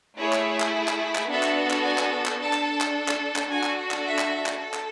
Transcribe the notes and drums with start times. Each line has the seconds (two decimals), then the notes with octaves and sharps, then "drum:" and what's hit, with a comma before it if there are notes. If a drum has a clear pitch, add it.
0.19 A3 E4 G#4 C#5
0.33 drum: clap
0.60 drum: clap
0.88 drum: clap
1.15 drum: clap
1.29 B3 D4 F#4 A4 E5
1.43 drum: clap
1.70 drum: clap
1.84 G#5
1.98 drum: clap
2.26 drum: clap
2.39 D4 A4 A5
2.53 drum: clap
2.81 drum: clap
3.08 drum: clap
3.36 drum: clap
3.49 D4 F#4 A4 G#5
3.63 drum: clap
3.91 drum: clap
4.05 E5
4.19 drum: clap
4.46 drum: clap
4.59 A4
4.74 drum: clap